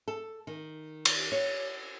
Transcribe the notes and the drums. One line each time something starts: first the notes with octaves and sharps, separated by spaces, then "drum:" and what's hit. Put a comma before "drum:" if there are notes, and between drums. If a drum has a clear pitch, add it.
A4
D#3
drum: cymbal
C#5